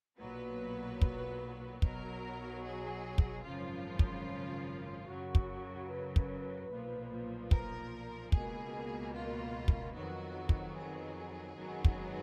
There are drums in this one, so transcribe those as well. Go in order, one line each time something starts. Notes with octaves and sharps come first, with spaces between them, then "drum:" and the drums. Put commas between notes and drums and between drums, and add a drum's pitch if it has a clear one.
B1 A#2 F#3 B3 B4
drum: kick
B1 B2 F#3 A#4, drum: kick
G#4
drum: kick
G#1 F#2 C#3 F3 F4
drum: kick
F#2 C#3 F#3 F#4
drum: kick
B4
drum: kick
B1 A#2 F3
A#4, drum: kick
C#2 B2 A#3 G#4, drum: kick
F4
drum: kick
F2 D#3 F#3 B3 F#4
drum: kick
G#4
G#1 F#2 D#3 F#3 B3
drum: kick